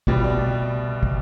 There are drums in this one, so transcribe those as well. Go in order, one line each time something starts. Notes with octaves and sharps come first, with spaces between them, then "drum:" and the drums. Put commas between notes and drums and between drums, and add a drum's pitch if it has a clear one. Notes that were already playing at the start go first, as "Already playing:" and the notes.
C2 B2 G3 D5, drum: kick
D5
drum: kick